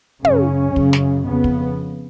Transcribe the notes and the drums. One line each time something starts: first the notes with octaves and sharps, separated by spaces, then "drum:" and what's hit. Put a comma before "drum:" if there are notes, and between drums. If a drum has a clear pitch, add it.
F#2 C#3 C#4, drum: tom
F#2 C#3, drum: kick
drum: snare
F2 C#3 B3
drum: kick